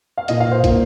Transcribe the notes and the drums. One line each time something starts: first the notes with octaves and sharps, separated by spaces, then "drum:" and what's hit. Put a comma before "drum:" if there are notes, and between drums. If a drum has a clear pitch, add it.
F5
A#2 A#3 D#5, drum: hi-hat
F5
C5
A#2 A#3, drum: kick, hi-hat